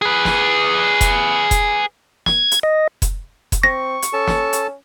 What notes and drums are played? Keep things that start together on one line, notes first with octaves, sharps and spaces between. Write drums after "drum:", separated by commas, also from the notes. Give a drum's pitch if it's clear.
G#4 B4
drum: snare
drum: kick F1, hi-hat
drum: kick F1, hi-hat
G#6, drum: snare
drum: hi-hat
D#5
drum: kick F1, hi-hat
drum: kick F1, hi-hat
C4 C#6 A#6
drum: hi-hat
C#4 A4 A5
drum: snare
drum: hi-hat